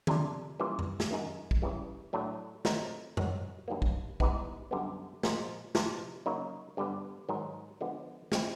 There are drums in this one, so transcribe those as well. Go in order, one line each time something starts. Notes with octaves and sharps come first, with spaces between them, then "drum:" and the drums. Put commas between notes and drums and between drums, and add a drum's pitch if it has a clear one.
F2 C3 F3 A3 D4, drum: tom D3
E3 G3 A#3 C#4 F4
drum: tom F2
drum: snare
F#2 D#3 G#3
drum: kick
C#3 E3 G3
A2 F#3 A3 D4
D#3 F#3 A3 C4 D#4, drum: snare
G#2 D#3 F#3, drum: tom F2
G2 D#3 F#3 A#3
drum: kick
G#2 E3 G3 B3 D#4, drum: kick
F#2 D3 G3 B3
A#2 F3 G#3, drum: snare
F2 C3 E3, drum: snare
C#3 F#3 A#3 D#4
G2 D3 G3 B3
G#2 D#3 F#3
D3 F3 G#3 B3
C#3 F3 G#3 C4 E4, drum: snare